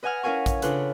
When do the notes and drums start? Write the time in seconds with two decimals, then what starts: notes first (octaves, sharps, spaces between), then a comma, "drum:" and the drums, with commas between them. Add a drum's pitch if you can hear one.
0.03 B4 D#5 F#5 G#5 D#6 F6
0.23 C#4 E4 A#4 F5 G#5 C#6
0.46 drum: kick A#1, hi-hat
0.62 C#3 D4 F4 A4 B4 F#6, drum: hi-hat